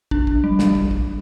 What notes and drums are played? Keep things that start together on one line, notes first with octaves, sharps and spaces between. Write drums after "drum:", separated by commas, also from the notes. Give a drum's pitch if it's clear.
D4, drum: kick
drum: kick
G3
drum: snare
drum: kick
drum: kick